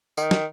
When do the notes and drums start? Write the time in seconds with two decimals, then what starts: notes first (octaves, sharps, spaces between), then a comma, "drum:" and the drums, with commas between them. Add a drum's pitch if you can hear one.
0.17 D#3, drum: tambourine
0.31 drum: snare